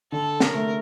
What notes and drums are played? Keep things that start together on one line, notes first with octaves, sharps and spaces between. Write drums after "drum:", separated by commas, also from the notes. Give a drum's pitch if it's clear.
D3 A4
A#4, drum: snare
A3